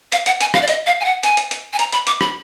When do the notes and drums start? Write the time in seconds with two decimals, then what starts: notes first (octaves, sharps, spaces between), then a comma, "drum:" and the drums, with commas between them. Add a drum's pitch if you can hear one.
0.12 F5, drum: hi-hat
0.26 F#5, drum: hi-hat
0.41 G#5, drum: hi-hat
0.54 F5, drum: rim click
0.62 D5
0.68 D#5, drum: hi-hat
0.86 F5
1.01 G#5
1.05 F#5
1.23 G#5, drum: hi-hat
1.37 drum: hi-hat
1.51 drum: hi-hat
1.73 G#5
1.79 A#5, drum: hi-hat
1.92 B5, drum: hi-hat
2.07 D6, drum: hi-hat
2.21 B5, drum: rim click